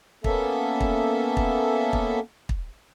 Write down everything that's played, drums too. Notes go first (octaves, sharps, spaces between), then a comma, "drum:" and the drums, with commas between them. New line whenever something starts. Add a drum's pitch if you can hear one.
A#3 B3 C#4 A4 E5, drum: kick
drum: kick
drum: kick
drum: kick
drum: kick